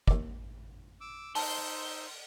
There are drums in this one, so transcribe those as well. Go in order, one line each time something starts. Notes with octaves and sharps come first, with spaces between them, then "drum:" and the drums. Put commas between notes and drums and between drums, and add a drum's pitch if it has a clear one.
D#2 D5, drum: kick
D6 E6
D#4 C5 A5 C6 E6, drum: open hi-hat